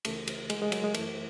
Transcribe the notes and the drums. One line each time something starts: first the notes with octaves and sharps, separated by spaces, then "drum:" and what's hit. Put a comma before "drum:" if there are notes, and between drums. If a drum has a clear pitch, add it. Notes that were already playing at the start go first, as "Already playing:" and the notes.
C#2 C#3 E3 A3, drum: cymbal
drum: cymbal
G#3, drum: cymbal
G#3
F#3, drum: cymbal
G#3
F#2 E3 A3, drum: cymbal